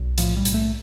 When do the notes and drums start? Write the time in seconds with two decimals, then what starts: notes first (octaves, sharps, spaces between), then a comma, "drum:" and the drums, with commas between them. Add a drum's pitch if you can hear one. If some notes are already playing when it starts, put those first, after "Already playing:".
Already playing: B1
0.18 A2 F3, drum: hi-hat
0.37 G3
0.45 B1, drum: hi-hat
0.54 A3